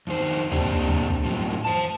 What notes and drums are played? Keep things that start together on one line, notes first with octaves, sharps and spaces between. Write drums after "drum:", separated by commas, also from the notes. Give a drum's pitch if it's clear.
F2 D#3 C5
A#3 C4 D4 G4, drum: tom D2
drum: tom D2
F#2 A2 F3
C5 A5